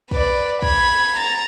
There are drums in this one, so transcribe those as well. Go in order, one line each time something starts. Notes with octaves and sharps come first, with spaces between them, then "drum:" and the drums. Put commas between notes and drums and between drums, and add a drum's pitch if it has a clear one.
B4 D5, drum: kick
B5 G#6, drum: kick
A#5 A6